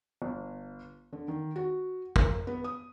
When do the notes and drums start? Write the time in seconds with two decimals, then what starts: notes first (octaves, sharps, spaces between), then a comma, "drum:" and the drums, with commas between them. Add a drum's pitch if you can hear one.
0.22 G1
1.13 D3
1.28 D#3
1.56 F#4
2.16 A#4, drum: kick
2.47 B3
2.64 D#6